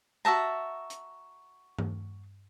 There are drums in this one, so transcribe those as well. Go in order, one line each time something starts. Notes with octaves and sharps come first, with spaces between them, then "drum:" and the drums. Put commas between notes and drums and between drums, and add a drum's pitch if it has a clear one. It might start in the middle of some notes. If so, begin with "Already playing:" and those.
F#4 E5 A5 A#5
drum: hi-hat
drum: tom G2